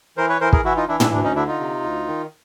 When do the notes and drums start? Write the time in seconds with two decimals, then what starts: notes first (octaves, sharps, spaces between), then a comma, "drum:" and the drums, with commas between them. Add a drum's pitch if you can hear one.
0.17 E3 A#4 C5
0.29 B4 C#5
0.41 E3 A#4 C5
0.53 G#4 A#4, drum: kick
0.65 E3 E4 F#4
0.77 D#4 F4
0.88 E3 D4 E4
1.00 D4 E4, drum: tom
1.12 D2 D4
1.24 C#4 D#4
1.36 D3 D4 E4
1.47 D#4 F4
1.60 C3
1.83 D2
2.07 D#3